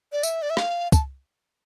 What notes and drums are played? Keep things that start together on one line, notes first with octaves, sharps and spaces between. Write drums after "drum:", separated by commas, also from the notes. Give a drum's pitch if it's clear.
D5
E5, drum: tambourine
D5
E5
F5, drum: rim click
A5, drum: kick, tambourine